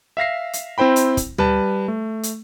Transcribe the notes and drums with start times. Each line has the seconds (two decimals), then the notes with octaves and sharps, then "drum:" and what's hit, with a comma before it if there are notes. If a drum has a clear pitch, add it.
0.17 E5 F5 A#6 C7
0.53 drum: hi-hat
0.78 C4 E4 C5 G5 B5
0.96 drum: hi-hat
1.17 drum: kick, hi-hat
1.38 G3 B4 A5, drum: tom D2
1.88 A3
2.23 drum: hi-hat